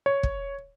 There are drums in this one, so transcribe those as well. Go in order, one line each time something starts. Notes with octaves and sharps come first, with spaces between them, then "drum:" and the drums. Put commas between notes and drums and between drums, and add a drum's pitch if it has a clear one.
C#5
drum: kick